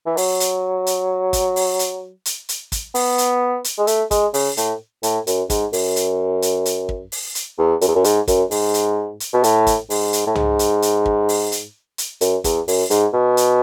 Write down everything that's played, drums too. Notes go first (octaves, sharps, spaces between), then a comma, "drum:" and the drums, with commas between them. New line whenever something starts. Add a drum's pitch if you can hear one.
E3
F#3, drum: open hi-hat
drum: hi-hat
drum: hi-hat
drum: kick, hi-hat
drum: open hi-hat
drum: hi-hat
drum: hi-hat
drum: hi-hat
drum: kick, hi-hat
B3, drum: open hi-hat
drum: hi-hat
drum: hi-hat
G#3
A3, drum: hi-hat
G#3, drum: kick, hi-hat
C#3, drum: open hi-hat
A2, drum: hi-hat
A2, drum: hi-hat
F#2, drum: hi-hat
G#2, drum: kick, hi-hat
F#2, drum: open hi-hat
drum: hi-hat
drum: hi-hat
drum: hi-hat
drum: kick
drum: open hi-hat
drum: hi-hat
E2
F#2, drum: hi-hat
E2
F#2
G#2, drum: hi-hat
F#2, drum: kick, hi-hat
G#2, drum: open hi-hat
drum: hi-hat
drum: hi-hat
B2
A2, drum: hi-hat
drum: kick, hi-hat
G#2, drum: open hi-hat
drum: hi-hat
A2
G#2, drum: tom C2
drum: hi-hat
drum: hi-hat
drum: kick
drum: open hi-hat
drum: hi-hat
drum: hi-hat
F#2, drum: hi-hat
E2, drum: kick, hi-hat
F#2, drum: open hi-hat
G#2, drum: hi-hat
B2
drum: hi-hat